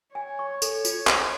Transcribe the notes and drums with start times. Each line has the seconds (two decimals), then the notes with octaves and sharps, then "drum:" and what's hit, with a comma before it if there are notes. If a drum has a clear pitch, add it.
0.15 C#5 G#5
0.39 C#6
0.62 A4, drum: tambourine
0.85 F4, drum: tambourine
1.07 C5, drum: clap